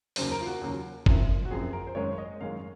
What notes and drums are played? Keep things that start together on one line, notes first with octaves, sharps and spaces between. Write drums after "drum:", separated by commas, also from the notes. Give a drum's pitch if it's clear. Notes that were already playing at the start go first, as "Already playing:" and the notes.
D#2 C#3 F#3 C5, drum: open hi-hat
A#4
F4
F#4
D#2 C#3 F#3
F#1 F#2 F3 C4, drum: kick F#1
F#4
F#1 F#2 F3 C4 G#4
A#4
C5
G#1 F#2 D#3 G#3 C#4 C#5
D#5
G#1 F#2 D#3 G#3 C#4 F5